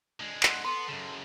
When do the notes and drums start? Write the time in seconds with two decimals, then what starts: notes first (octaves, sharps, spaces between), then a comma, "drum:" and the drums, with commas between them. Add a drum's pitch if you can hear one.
0.20 D3 G#3
0.43 F#5 C6, drum: clap
0.64 B3 A4 C6
0.89 F#2 C#3